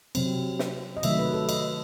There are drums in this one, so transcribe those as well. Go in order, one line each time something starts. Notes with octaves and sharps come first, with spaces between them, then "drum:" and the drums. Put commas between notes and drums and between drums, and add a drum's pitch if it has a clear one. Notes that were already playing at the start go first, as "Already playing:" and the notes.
C3 F#3 C4, drum: cymbal
drum: snare
D#5
C3 D#3 F#3 A3 E5, drum: cymbal
B4
A4
D#5, drum: cymbal